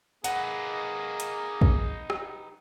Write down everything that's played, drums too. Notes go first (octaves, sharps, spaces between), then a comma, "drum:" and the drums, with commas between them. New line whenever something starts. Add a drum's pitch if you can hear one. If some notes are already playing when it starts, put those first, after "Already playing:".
A#3 D#4 G#4 B4 F#5, drum: hi-hat
drum: hi-hat
drum: kick
drum: rim click